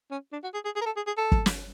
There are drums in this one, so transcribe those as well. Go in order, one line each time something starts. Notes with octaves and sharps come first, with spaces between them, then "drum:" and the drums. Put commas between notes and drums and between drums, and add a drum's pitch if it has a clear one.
C#4
D4
F#4
G#4
G#4
G#4
A#4
A4
G#4
G#4
A4
drum: kick
drum: snare